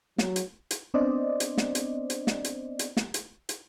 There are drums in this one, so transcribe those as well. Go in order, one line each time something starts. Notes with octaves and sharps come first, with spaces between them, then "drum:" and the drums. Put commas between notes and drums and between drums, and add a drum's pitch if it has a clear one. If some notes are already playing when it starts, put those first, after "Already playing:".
F#3, drum: snare
drum: hi-hat
drum: hi-hat
B3 C4 D4 C5 D5 D#5
drum: hi-hat
drum: snare
drum: hi-hat
drum: hi-hat
drum: snare
drum: hi-hat
drum: hi-hat
drum: snare
drum: hi-hat
drum: hi-hat